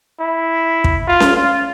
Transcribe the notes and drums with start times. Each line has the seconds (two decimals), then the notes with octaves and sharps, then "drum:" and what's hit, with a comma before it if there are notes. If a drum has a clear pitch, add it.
0.20 E4
0.84 drum: kick
1.08 F4
1.20 drum: snare C#4
1.36 F4